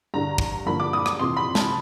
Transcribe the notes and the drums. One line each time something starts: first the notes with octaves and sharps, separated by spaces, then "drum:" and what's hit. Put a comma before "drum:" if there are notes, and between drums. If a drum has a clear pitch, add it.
G2 D3 G3 A#5
drum: kick
G2 D3 F3 A#3 B5
D6
D#6
D6, drum: rim click
F2 C3 E3 C6
B5
A5, drum: snare